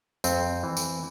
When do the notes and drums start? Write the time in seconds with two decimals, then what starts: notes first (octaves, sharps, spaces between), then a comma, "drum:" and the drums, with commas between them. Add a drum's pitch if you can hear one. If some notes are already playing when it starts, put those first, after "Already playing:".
0.24 F2 C4, drum: tambourine
0.63 E3
0.77 drum: tambourine